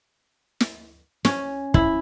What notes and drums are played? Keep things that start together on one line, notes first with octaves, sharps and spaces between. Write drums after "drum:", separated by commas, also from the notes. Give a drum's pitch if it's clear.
drum: snare
C#4, drum: snare
E4, drum: kick